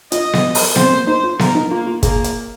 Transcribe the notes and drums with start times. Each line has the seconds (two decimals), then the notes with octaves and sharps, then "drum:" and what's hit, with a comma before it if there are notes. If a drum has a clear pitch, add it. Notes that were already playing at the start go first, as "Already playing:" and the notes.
0.12 F4 D#5, drum: hi-hat
0.33 drum: snare B3
0.55 drum: open hi-hat
0.76 C4 C5, drum: snare B3
0.92 A#3
1.07 D#4 C5
1.23 F4
1.39 A#4, drum: snare B3
1.55 D#4
1.71 A#3 F4
1.87 F4
2.03 A#3 G#4, drum: kick, hi-hat
2.24 drum: hi-hat